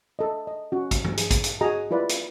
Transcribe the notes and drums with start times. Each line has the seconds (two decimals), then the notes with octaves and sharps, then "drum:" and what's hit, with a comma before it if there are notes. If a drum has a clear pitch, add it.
0.19 A4 D#5
0.47 D#5
0.72 C#4 F#4
0.91 drum: kick A1, hi-hat
1.04 drum: tom
1.17 G#4, drum: hi-hat
1.31 drum: kick A1, hi-hat
1.44 drum: hi-hat
1.61 F#4 G#4 D#5 A#5
1.91 E4 F4 B4 D5
2.09 drum: hi-hat